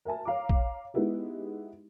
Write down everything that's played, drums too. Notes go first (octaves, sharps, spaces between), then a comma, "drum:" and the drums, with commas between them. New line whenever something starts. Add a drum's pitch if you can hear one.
A#4 E5 G#5 A5
C#5 F5 A#5 D6
drum: kick A#1
G#3 B3 D#4 E4 G4